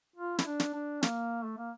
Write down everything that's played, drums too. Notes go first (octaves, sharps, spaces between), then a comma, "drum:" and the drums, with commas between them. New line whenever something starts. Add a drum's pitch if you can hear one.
F4
E4, drum: snare
D4
drum: snare
D4
A#3, drum: snare
A3
A#3